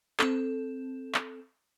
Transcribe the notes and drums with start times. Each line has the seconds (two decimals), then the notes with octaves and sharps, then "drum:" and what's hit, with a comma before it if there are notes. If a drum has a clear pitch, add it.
0.19 C4 A4, drum: clap
1.14 drum: clap